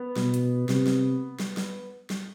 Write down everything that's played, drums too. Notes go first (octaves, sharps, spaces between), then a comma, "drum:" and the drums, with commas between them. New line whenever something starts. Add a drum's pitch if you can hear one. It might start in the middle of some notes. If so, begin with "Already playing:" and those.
Already playing: B3
B2, drum: snare
drum: hi-hat
C3, drum: snare
drum: snare
drum: snare
drum: snare
drum: snare